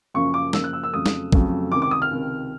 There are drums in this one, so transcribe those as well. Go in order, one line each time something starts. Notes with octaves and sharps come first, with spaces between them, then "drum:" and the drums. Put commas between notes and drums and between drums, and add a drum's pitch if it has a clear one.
F#2 C#3 F3 A#3 C#6
D6
F#2 C#3 F3 A#3 E6, drum: snare
F#6
E6
E6
F2 C#3 F#3 A3 D#6
drum: snare
F2 C#3 F#3 A3, drum: kick
C#2 C3 D#3 D6
D6
D#6
F6
C#2 C3 D#3